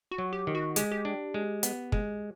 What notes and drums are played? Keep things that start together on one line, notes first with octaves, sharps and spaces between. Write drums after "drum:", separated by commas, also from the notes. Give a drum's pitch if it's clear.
F#4
F#3
G4
D#3
F#4
G#3 G4, drum: hi-hat
G4
D4
G#3
B3, drum: hi-hat
G#3, drum: kick